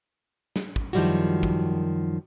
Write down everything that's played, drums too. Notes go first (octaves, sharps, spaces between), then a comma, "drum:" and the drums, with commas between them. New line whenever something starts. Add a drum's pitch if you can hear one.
drum: snare
drum: kick
F#2 D#3 F3 G3 E4 F#4, drum: hi-hat
drum: kick